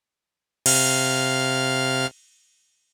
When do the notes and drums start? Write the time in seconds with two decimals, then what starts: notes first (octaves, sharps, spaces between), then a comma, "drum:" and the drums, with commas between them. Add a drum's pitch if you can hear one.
0.66 C3 F5 F6, drum: cymbal